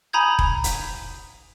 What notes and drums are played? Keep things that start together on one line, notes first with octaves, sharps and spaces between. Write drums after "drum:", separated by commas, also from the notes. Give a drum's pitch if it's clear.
G#5 A#5 B5 D#6 G6 G#6
drum: kick E1
drum: hi-hat